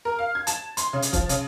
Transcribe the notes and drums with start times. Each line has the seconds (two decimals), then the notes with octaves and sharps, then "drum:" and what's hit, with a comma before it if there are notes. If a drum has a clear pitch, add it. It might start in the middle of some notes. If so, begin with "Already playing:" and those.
0.05 A#4
0.19 F5
0.35 G#6
0.47 A5, drum: hi-hat
0.77 C6, drum: hi-hat
0.93 C#3
1.02 drum: hi-hat
1.13 F3, drum: kick, hi-hat
1.29 C#3, drum: hi-hat